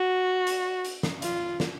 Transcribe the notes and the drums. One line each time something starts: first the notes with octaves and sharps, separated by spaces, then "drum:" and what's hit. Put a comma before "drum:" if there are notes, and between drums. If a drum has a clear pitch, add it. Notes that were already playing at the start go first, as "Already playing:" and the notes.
Already playing: F#4
drum: hi-hat
drum: hi-hat
drum: snare
F4, drum: hi-hat
drum: snare